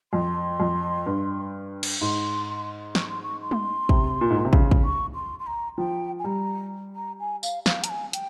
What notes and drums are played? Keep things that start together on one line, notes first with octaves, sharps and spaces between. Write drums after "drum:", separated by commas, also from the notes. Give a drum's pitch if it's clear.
F2 C6
F2
G2
drum: cymbal
G#2 C6
C#6, drum: snare
C6
C#6
C6
drum: tom G3
C3, drum: kick
A#2
G#2
A#2
C3
C#3, drum: kick
drum: kick
C#6
C6
C6
A#5
F3 G5
G#5
G3 A#5
A#5
G#5
F5, drum: tambourine
F5, drum: snare
A#5, drum: hi-hat
G#5
G5, drum: hi-hat